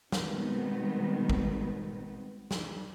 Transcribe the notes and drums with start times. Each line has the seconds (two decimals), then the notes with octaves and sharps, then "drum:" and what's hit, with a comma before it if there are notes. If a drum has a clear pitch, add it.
0.12 B2 D#3 G3 G#3 B3 C4, drum: snare
1.29 drum: kick A1
2.51 drum: snare